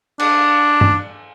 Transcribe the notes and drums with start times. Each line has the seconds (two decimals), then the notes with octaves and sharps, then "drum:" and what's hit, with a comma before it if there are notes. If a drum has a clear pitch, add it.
0.19 D4, drum: cymbal
0.81 drum: tom